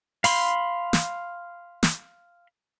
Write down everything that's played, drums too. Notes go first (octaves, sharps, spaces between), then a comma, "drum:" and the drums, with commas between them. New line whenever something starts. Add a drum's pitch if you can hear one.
F5 B5 C6, drum: open hi-hat
drum: snare
drum: snare